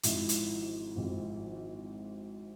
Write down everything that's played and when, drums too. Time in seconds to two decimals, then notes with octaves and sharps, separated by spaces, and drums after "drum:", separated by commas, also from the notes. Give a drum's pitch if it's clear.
0.03 G#1 G#2 F3 E4, drum: hi-hat
0.29 drum: hi-hat
0.95 G#1 G#2 F3